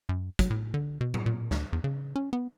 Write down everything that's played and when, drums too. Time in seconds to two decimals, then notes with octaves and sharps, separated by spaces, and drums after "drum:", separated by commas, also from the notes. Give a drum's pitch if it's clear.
0.09 F#2
0.39 F#3, drum: kick, hi-hat
0.50 A2
0.74 D3
1.01 B2
1.14 drum: tom
1.26 A#2
1.51 D2, drum: snare
1.73 E2
1.84 C#3
2.16 C#4
2.33 B3